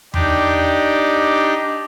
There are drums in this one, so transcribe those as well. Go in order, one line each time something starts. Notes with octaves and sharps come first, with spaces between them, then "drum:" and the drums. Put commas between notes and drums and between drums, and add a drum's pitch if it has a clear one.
D4 D#4 G4, drum: tom E2